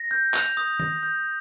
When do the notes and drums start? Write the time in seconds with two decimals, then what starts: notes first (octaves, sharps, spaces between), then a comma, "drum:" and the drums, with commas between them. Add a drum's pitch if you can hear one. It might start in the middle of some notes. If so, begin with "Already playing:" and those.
Already playing: A#6
0.11 G6
0.34 F7, drum: clap
0.57 D#6
0.80 A#6, drum: tom D#3
1.03 G6